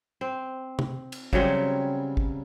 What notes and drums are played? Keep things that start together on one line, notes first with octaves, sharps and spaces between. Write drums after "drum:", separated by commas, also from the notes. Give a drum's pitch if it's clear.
C4
drum: tom
drum: cymbal
C#3 F#3 G3 C4, drum: kick
drum: kick